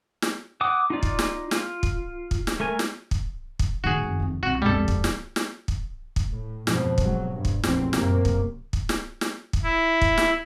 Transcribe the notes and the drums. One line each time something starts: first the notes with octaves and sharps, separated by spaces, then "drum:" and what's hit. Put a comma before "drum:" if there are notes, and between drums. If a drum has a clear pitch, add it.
drum: snare
F#5 D6 D#6
D#4 F4 D5
drum: kick
drum: snare
F4, drum: snare
drum: kick
drum: kick
drum: snare
A3 A#4 G#5
drum: snare
drum: kick
drum: kick
A2 D3 D#3 F#4 G#4
F#1 F2
F2 C3
C2 C3 F#4
G2 B2 G3 G#3 A4
F1 F2 G#3
drum: kick
drum: snare
drum: snare
drum: kick
drum: kick
A2
F2 G#2 B2 F3, drum: snare
G#2 C3 F#3, drum: kick
G2
drum: kick
F1 A#1 E2 C4, drum: snare
F#2 C3 A#3, drum: snare
drum: kick
drum: kick
drum: snare
drum: snare
drum: kick
E4
drum: kick
drum: snare